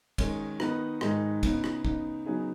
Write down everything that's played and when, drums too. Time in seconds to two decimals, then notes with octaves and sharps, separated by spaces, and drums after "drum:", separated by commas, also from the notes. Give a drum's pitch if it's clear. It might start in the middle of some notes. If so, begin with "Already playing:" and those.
0.18 D#3 G#3 C#4, drum: kick, cymbal
0.60 D#3 B3 D#4 B4, drum: rim click
1.01 G#2 D#3 G#3 D#4, drum: rim click
1.43 C#3 B3 D#4, drum: kick, cymbal
1.64 drum: rim click
1.85 C#3 B3 D#4, drum: kick
2.26 C#3 F#3 B3 D#4 G#4